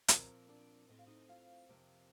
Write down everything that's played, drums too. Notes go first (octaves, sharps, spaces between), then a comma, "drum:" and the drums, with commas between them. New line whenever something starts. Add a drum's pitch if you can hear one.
A#2 F3 A#3 C4 A#4, drum: hi-hat
D4 D5
A2 A3 C4 D#5
F5
D#4 D#5
F4 F5
F2 C3 F3 A#3